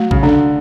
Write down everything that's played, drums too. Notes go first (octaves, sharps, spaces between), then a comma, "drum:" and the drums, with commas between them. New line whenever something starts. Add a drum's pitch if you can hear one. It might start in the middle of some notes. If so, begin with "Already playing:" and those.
Already playing: F#3 A3
C#3, drum: kick A1
D3 D4